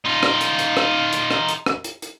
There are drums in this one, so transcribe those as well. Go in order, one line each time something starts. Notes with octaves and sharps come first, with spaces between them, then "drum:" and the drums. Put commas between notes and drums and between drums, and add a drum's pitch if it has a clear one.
D#4 F4
drum: rim click
drum: hi-hat
drum: hi-hat
drum: rim click
drum: hi-hat
drum: rim click
drum: hi-hat
drum: rim click
drum: hi-hat
drum: hi-hat